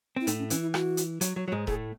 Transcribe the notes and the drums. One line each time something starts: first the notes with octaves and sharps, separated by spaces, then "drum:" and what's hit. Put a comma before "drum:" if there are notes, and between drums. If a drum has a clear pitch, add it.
C4 E4
A2 A3 D#4, drum: hi-hat
C#4
E3 C#4, drum: hi-hat
E4
F#4, drum: rim click
drum: hi-hat
F#3, drum: hi-hat
F#3
F#3
G#2 G#3
A2 A3 G#4, drum: kick E1